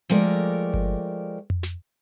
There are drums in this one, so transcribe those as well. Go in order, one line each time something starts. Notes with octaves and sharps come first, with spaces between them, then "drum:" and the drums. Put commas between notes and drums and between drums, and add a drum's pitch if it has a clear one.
F3 G#3 A3 G4 A#4 D5
drum: kick G1
drum: tom F2
drum: snare